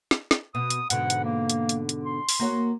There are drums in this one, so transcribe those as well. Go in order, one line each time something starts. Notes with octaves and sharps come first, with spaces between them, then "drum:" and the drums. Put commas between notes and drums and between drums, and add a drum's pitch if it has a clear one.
drum: snare
drum: snare
B2 D#6
drum: hi-hat
G#2 B2 D3 F#5, drum: hi-hat
drum: hi-hat
A#3
drum: hi-hat
drum: hi-hat
drum: hi-hat
C6
drum: open hi-hat
A#3 F#4 C#5